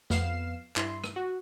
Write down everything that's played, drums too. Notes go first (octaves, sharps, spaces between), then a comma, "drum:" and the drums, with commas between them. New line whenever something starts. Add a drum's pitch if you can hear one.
F2 B3 F5 C7 E7, drum: snare
G2 E4 C6, drum: clap
drum: rim click
F#4